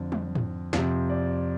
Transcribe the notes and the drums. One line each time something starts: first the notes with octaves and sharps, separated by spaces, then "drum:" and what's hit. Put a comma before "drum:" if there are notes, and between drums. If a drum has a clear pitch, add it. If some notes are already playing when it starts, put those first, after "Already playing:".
Already playing: F2 D3
drum: tom F#3
drum: tom G#2
F2 C3 C5, drum: snare
D5